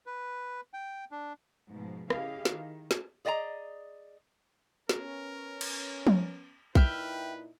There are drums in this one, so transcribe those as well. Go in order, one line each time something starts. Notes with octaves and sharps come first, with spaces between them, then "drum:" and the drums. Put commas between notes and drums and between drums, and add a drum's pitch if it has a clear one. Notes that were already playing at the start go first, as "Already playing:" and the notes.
B4
G5
D4
G#2 B2 F3 G#3
C#3 E4 G4 G#4 D#5 F5, drum: rim click
D#3, drum: snare
drum: snare
G#4 D5 D#5 G#5 A#5
B3 C#4 A#4, drum: snare
drum: cymbal
drum: tom F3
A#2 D#4 E4 B4 E5 G5 F6, drum: kick B1